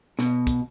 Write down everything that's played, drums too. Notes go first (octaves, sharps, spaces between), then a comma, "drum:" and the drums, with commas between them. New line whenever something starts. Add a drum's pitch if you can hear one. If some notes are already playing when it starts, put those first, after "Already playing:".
B2, drum: snare
drum: kick, hi-hat